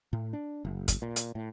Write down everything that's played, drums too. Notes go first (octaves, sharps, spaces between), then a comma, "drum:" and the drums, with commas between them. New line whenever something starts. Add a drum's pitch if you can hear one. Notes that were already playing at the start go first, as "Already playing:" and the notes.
A2
D4
F#1
drum: kick, hi-hat
A#2
drum: hi-hat
A2